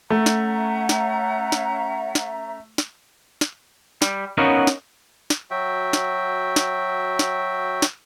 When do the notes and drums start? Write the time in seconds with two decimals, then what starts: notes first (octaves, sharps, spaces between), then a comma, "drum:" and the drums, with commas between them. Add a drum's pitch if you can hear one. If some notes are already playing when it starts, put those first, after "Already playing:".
0.10 A3 C#4 E5 F#5 A#5
0.26 drum: snare
0.89 drum: snare
1.52 drum: snare
2.15 drum: snare
2.78 drum: snare
3.41 drum: snare
4.02 G3, drum: snare
4.38 B3 C#4 D#4 F#4 A#4 F5
4.67 drum: snare
5.30 drum: snare
5.51 F#3 F#4 E5 G5
5.93 drum: snare
6.56 drum: snare
7.19 drum: snare
7.82 drum: snare